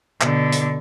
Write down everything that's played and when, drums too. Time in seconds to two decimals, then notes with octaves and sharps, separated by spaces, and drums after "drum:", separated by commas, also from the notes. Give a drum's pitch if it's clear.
0.21 B2 D3, drum: clap
0.52 drum: hi-hat